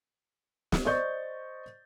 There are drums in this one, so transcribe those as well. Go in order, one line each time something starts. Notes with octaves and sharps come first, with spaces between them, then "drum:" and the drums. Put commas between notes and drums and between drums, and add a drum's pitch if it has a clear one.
drum: snare
C5 D5 D#5 C#6 G6 A6